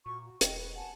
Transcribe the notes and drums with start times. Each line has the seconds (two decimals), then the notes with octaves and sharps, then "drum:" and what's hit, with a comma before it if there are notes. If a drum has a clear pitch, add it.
0.06 A#2 F#4 C#6
0.25 F#4
0.41 E1 D#5 G5, drum: hi-hat
0.59 B4
0.76 F#5 G#5 A5